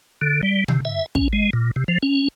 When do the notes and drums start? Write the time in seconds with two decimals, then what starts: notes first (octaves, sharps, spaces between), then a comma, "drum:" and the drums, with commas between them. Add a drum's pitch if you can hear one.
0.21 D3
0.43 G3
0.68 C3, drum: tom
0.85 E5
1.15 C#4, drum: kick
1.33 G#3
1.53 A#2
1.76 C3
1.88 F3
2.03 C#4